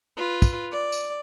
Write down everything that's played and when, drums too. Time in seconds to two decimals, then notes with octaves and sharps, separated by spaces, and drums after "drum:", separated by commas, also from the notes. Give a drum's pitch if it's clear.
0.17 F4 B4
0.42 drum: kick, tambourine
0.72 D5
0.92 drum: tambourine